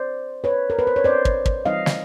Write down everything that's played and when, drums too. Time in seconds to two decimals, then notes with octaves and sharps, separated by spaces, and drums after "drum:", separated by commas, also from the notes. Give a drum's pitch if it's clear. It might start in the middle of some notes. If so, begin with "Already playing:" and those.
Already playing: C5 D5
0.44 B4 C#5
0.70 A#4
0.79 B4
0.87 C5
0.96 C#5
1.04 C5 D5
1.25 drum: kick
1.46 drum: kick
1.65 E3 G3 C4 D#4 D#5 F5
1.86 drum: snare